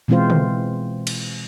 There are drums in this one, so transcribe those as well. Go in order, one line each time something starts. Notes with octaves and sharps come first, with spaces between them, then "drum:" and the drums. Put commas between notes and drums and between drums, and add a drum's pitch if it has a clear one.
B2 E3 G#3 C4 F4 C5
drum: tom C#3
drum: cymbal